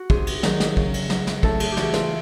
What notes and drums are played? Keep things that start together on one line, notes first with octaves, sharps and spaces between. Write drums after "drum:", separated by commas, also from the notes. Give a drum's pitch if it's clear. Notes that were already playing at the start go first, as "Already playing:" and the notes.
Already playing: F#4
C3 G#4, drum: kick
drum: cymbal
D#3 F#3, drum: snare
drum: snare
C#3, drum: kick
drum: cymbal
F#3, drum: snare
drum: snare
A2 A4, drum: kick
G#4, drum: cymbal
G4
E3 F#4, drum: snare
F4, drum: snare